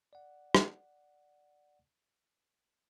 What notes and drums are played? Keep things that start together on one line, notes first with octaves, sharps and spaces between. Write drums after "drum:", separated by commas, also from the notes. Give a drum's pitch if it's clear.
D5 F#5
drum: rim click